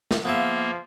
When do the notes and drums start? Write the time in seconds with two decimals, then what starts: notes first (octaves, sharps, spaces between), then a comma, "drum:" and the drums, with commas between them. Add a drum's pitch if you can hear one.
0.11 drum: snare
0.25 F3 A#3 B3 G#4 E5 F5